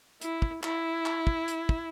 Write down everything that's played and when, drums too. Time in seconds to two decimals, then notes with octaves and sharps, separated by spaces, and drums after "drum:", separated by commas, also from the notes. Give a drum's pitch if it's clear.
0.21 E4, drum: hi-hat
0.42 drum: kick
0.63 E4, drum: clap
1.06 drum: clap
1.27 drum: kick
1.48 drum: hi-hat
1.69 drum: kick